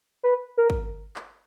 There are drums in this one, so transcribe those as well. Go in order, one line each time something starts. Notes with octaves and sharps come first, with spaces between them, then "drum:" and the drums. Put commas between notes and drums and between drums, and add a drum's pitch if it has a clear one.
B4
A#4
drum: kick
drum: clap